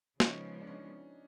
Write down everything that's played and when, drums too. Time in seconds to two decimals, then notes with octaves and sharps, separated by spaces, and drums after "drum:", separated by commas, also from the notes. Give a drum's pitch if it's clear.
0.20 C#3 F3 G#3 B3 C#4 D#4, drum: snare
0.61 D4
0.67 C#4 D#4